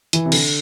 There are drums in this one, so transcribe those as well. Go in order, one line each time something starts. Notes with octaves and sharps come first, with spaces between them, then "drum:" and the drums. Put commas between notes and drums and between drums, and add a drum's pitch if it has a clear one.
E3, drum: hi-hat
C3
D3, drum: cymbal